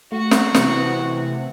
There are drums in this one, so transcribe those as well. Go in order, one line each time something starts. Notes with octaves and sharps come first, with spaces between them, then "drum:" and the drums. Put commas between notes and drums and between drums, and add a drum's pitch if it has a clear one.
A3 F#4 F#5
drum: snare
C3 E3, drum: snare